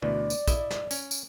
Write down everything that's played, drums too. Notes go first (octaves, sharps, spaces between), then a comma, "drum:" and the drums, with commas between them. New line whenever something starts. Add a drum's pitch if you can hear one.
D2 B2 E3 D5
drum: tambourine
E4 D#5 E5, drum: kick, tambourine
drum: snare
C#4, drum: tambourine
drum: tambourine